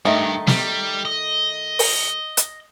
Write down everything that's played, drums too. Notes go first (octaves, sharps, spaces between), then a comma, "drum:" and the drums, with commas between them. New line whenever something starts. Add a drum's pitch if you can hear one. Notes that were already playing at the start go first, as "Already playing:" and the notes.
G2 D#3 A3 D#4
G3, drum: snare
D#5
drum: open hi-hat
drum: hi-hat